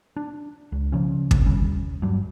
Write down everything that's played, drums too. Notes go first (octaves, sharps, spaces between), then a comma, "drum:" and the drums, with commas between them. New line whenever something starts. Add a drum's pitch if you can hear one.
D4
C#2
C#3 F3 C#4
D2 C3, drum: kick
D#2 G3 C#4
G2 F#3